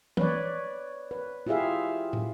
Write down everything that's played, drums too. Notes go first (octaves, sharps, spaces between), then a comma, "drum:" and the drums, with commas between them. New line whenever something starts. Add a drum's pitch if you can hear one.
B4 C#5 D5, drum: tom E3
B4
E4 F4 G4 G#4 E5 F5
drum: tom